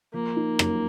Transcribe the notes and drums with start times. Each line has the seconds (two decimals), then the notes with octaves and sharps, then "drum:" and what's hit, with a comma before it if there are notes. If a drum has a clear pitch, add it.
0.14 F3 A#3
0.37 D#4
0.59 F#2, drum: rim click